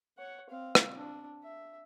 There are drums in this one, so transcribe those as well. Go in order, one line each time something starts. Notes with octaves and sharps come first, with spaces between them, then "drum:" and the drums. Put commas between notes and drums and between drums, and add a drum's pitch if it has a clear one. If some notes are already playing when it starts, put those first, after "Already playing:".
C#5 F#5
C4 F5
drum: rim click
D4
E5